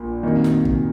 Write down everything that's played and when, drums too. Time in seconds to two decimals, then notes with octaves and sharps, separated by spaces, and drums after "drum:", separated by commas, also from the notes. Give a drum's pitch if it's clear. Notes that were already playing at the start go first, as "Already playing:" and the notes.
Already playing: A#1 A#2
0.23 F2 D#3 F#3 A#3
0.44 drum: snare
0.65 drum: kick